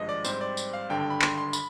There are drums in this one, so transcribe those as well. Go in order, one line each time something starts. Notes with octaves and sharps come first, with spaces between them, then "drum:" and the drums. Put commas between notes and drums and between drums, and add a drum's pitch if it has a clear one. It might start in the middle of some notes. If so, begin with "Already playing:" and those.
Already playing: G#1 G2 F3 G#3 D#5
D5
G#2 G3 C4 C5, drum: tambourine
D5
drum: tambourine
F5
G#1 G2 D3 G5
G5
B5
C6, drum: clap
C6
B5, drum: tambourine